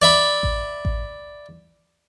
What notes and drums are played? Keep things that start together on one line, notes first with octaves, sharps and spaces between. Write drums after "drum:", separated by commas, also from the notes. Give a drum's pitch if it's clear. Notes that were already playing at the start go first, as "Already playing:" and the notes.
D5 E5 B5
drum: kick A1
drum: kick A1